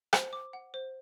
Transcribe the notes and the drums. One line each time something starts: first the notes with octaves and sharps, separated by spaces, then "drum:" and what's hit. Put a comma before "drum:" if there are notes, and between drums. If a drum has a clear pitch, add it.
C5, drum: rim click
D6
F#5
C5